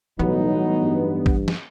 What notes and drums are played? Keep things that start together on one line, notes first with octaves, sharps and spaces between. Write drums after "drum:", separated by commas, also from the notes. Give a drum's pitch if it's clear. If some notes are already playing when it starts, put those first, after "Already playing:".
B1 A2 E3 F#3 G3 B3 D#4
G2
drum: kick A1
drum: snare